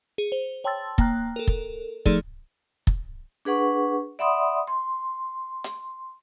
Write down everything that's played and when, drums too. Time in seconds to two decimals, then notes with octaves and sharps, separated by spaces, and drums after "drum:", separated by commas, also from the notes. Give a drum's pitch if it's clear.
0.18 G#4
0.32 C5
0.64 C#5 G5 A5 C6 E6 A6
0.98 A#3 G5 A#5 F#6, drum: kick
1.36 A4 A#4
1.47 drum: kick
2.06 F3 A3 D#4 G#4 A4 D5, drum: kick
2.87 drum: kick
3.45 D4 G#4 B4 F#5 C#6
4.19 D5 E5 F#5 B5 C6 D#6
4.67 C6
5.64 drum: hi-hat